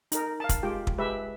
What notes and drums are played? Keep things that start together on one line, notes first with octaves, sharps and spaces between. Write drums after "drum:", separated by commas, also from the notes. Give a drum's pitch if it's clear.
D#4 A#4, drum: hi-hat
F5 A5
drum: kick, hi-hat
G#3 F4 G4 G5
drum: kick
G#3 G4 B4 E5